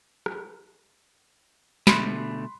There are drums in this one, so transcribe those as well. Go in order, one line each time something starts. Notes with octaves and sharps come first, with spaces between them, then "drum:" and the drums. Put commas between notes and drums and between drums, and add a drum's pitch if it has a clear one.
drum: rim click
B2 D3 A3 B5 C6 F#6, drum: snare